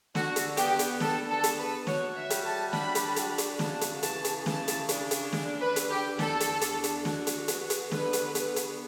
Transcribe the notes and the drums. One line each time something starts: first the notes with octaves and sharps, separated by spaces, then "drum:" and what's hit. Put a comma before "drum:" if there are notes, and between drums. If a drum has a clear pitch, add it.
D3 F#4, drum: snare
drum: hi-hat
B3 G4, drum: hi-hat
drum: hi-hat
D3 A4, drum: snare
A4
B3, drum: hi-hat
B4
F#4 C#5, drum: snare
E5
G3, drum: hi-hat
A5
D4 B5, drum: snare
drum: hi-hat
F#4, drum: hi-hat
drum: hi-hat
C#3 A5, drum: snare
drum: hi-hat
E3 A5, drum: hi-hat
drum: hi-hat
C#3 A5, drum: snare
drum: hi-hat
D4, drum: hi-hat
drum: hi-hat
D3, drum: snare
B4
D3, drum: hi-hat
G4
E2 A4, drum: snare
drum: hi-hat
D4, drum: hi-hat
drum: hi-hat
F#4, drum: snare
drum: hi-hat
B3, drum: hi-hat
drum: hi-hat
D3 B4, drum: snare
drum: hi-hat
B3, drum: hi-hat
drum: hi-hat